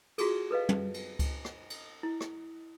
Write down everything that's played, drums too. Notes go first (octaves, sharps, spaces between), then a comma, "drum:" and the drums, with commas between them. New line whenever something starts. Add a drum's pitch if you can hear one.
F4 F#4 G#4 A4, drum: cymbal
A4 B4 D#5 F5
drum: tom
drum: cymbal
drum: kick C#2, cymbal
drum: rim click
drum: cymbal
E4
drum: rim click